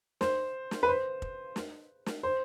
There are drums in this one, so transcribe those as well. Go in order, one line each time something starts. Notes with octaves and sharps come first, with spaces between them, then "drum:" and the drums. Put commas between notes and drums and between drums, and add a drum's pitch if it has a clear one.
C5, drum: snare
drum: snare
B4
C5
drum: kick
drum: snare
drum: snare
C5